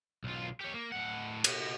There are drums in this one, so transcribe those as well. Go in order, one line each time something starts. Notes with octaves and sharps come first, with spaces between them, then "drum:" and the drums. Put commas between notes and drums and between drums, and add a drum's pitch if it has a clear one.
B1 F4
G4 C#5
A#3
A2 F#5
F#4 D#5, drum: cymbal